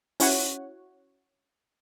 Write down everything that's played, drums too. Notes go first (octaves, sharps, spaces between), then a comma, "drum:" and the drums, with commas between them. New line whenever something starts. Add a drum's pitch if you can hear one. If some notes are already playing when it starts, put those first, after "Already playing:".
C#4 E4 F#4 C#5 F#5, drum: open hi-hat